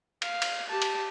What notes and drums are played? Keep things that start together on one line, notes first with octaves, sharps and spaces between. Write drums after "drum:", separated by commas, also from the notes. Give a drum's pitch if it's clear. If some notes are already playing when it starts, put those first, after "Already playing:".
F5, drum: cymbal
drum: cymbal
G4 A5
drum: cymbal